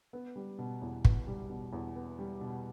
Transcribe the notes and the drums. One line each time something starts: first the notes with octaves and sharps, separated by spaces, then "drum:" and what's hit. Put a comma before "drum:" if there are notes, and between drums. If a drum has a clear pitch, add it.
B3
G3
B2
E2
B3, drum: kick
G3
B2
E2
B3
G3
B2